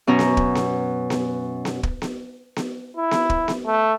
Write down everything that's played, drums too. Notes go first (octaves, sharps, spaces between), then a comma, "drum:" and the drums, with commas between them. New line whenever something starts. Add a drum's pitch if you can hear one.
F#2 B2 C#4 A#5
drum: snare B3
drum: kick
drum: snare B3
drum: snare B3
drum: snare B3
drum: kick
drum: snare B3
drum: snare B3
E4
drum: snare B3
drum: kick
drum: snare B3
A3